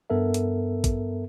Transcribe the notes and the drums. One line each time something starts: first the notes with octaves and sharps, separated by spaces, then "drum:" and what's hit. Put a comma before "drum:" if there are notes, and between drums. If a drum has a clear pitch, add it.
G2 B3 A4 A#4 E5
drum: hi-hat
drum: kick A1, hi-hat